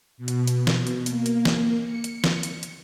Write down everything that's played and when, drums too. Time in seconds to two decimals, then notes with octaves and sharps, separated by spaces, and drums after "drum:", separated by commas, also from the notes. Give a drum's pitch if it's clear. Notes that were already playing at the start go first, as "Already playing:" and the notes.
0.18 B2
0.28 drum: hi-hat
0.47 drum: hi-hat
0.67 drum: snare
0.87 drum: hi-hat
1.06 A#3, drum: hi-hat
1.26 drum: hi-hat
1.45 drum: snare
1.81 C#7
2.04 drum: hi-hat
2.24 drum: snare
2.43 drum: hi-hat
2.63 drum: hi-hat